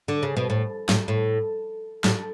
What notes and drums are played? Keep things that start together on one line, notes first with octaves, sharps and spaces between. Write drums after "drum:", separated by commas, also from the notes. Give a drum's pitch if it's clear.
D3
C#3
B2
A2
A2, drum: snare
A2
A2, drum: snare